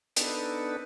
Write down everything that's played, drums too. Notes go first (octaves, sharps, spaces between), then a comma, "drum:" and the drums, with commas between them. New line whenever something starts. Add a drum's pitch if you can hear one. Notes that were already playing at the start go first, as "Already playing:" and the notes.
B3 D4 D#4 A4 B4, drum: hi-hat